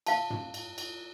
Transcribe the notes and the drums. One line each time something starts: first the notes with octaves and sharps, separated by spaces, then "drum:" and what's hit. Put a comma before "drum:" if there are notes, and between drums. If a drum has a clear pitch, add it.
F5 A5, drum: cymbal
drum: tom
drum: cymbal
drum: cymbal